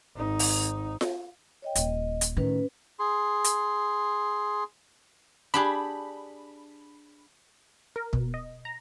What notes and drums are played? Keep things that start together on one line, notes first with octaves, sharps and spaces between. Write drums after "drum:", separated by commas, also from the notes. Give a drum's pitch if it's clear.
G#1 D#4
drum: open hi-hat
drum: snare F4
C#5 D#5 G5
D#1 D#5, drum: hi-hat
drum: hi-hat
A2 D#3 C#4 B4
G#4 C6
drum: hi-hat
D4 G4 G#4 B5
A#4
B2, drum: kick
D#5
A#5